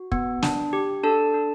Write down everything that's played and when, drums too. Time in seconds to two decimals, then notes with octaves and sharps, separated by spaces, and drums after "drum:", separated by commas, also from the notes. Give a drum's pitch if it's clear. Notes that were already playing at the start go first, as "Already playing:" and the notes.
Already playing: F#4
0.12 B3, drum: kick
0.42 D4, drum: snare
0.73 G4
1.03 D4 A4 A5
1.34 D4